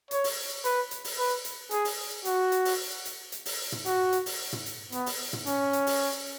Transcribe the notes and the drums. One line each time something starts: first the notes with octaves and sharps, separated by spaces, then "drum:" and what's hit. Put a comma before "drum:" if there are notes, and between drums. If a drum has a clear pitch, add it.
C#5, drum: hi-hat
drum: open hi-hat
B4, drum: hi-hat
drum: hi-hat
drum: open hi-hat
B4
drum: hi-hat
G#4, drum: hi-hat
drum: open hi-hat
F#4, drum: hi-hat
drum: hi-hat
drum: open hi-hat
drum: hi-hat
drum: hi-hat
drum: open hi-hat
drum: tom
F#4, drum: hi-hat
drum: hi-hat
drum: open hi-hat
drum: tom
drum: hi-hat
B3, drum: hi-hat
drum: open hi-hat
drum: tom
C#4, drum: hi-hat
drum: hi-hat
drum: open hi-hat